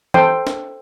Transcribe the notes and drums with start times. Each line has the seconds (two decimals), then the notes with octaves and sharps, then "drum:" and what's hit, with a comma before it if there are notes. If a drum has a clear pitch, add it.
0.14 A4 C5 G5 C6, drum: tom E3
0.47 drum: snare